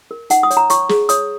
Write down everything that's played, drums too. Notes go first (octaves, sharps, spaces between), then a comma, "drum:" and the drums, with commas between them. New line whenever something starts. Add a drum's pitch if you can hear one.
A#4
D#4 F#5, drum: hi-hat
D#6
C#5, drum: hi-hat
A#5
C#5 C#6, drum: hi-hat
G#4, drum: snare
C#5 D#6, drum: hi-hat